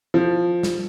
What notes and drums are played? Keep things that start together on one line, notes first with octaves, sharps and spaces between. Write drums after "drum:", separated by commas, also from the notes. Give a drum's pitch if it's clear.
F3
drum: snare